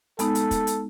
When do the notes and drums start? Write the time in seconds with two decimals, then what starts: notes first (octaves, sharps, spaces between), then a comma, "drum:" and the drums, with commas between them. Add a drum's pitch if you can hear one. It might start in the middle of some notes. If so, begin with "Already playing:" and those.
0.19 G#3 B3 D#4 A4, drum: hi-hat
0.35 drum: hi-hat
0.51 drum: kick, hi-hat
0.67 drum: hi-hat